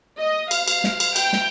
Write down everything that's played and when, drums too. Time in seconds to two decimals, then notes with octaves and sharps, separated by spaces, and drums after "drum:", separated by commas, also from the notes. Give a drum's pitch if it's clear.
0.19 D#5
0.51 F5, drum: cymbal
0.68 drum: cymbal
0.84 drum: snare
1.00 drum: cymbal
1.16 G5, drum: cymbal
1.33 drum: snare